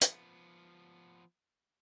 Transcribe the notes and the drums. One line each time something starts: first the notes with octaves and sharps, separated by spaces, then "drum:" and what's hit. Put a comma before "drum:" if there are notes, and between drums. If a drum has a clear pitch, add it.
F3 B3, drum: hi-hat